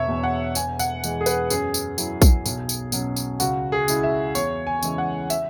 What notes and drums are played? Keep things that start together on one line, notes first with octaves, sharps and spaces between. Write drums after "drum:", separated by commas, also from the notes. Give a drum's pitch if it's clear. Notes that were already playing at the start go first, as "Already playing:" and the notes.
Already playing: E1 C#5 E5
E2 B2
F#5
E1 G#5, drum: tambourine
F#5, drum: tambourine
E2 E3 G#3, drum: tambourine
G#4
B4, drum: tambourine
F#2 G#4, drum: tambourine
drum: tambourine
F#3 E4, drum: tambourine
drum: kick A#1, tambourine
B1, drum: tambourine
drum: tambourine
B2 F#3 C#4, drum: tambourine
drum: tambourine
C#2 F#4, drum: tambourine
G#4
C#3 G#3 E4, drum: tambourine
E5
E2 C#5, drum: tambourine
G#5
C#3 E3 G#3 E4, drum: tambourine
F#5
E5, drum: tambourine